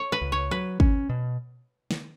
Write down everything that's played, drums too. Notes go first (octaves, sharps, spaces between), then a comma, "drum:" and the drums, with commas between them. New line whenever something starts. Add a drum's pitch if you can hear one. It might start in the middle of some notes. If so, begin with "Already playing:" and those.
Already playing: C#5
B4
C#2
C#5
F#3 B4
C#4, drum: kick
B2
drum: snare